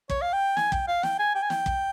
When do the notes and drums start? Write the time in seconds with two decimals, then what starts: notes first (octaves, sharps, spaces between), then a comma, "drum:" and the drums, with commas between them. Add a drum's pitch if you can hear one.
0.10 C#5, drum: kick
0.22 F5
0.33 G5
0.57 G#5, drum: snare
0.72 G5, drum: kick
0.88 F5
1.03 G5, drum: snare
1.19 G#5
1.35 G5
1.43 G#5
1.50 G5, drum: snare
1.66 drum: kick